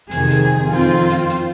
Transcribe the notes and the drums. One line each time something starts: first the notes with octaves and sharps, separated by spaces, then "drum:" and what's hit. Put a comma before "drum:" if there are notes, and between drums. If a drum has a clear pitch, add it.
F2 C3 D#3 G#4, drum: hi-hat
drum: hi-hat
F2 D#3 C4 F4
drum: hi-hat
drum: hi-hat